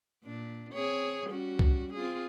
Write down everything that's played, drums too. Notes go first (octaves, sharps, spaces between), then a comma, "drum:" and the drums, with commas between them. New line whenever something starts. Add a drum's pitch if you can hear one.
A#2 D4
C4 G#4 C#5
G3 C#4 F#4
drum: kick
C4 F4 G#4